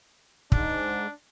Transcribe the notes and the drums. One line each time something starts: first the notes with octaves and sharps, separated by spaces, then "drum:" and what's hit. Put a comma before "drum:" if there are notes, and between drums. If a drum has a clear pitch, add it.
G#2 D4, drum: kick